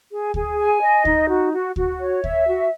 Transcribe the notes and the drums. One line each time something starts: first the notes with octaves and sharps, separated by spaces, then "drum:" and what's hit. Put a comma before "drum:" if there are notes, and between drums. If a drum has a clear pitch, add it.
G#4
G#4, drum: kick D2
G#5
D#5
D#4, drum: kick D2
F#4
F#4
F#4, drum: kick D2
C#5
E5, drum: kick D2
F#4